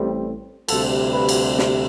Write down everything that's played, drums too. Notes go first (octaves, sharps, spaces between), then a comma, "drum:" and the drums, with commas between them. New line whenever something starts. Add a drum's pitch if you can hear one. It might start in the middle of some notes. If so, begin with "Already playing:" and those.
Already playing: A1 A2 G3 C4
D2 C3 G3 A4, drum: cymbal
B4
drum: cymbal
drum: snare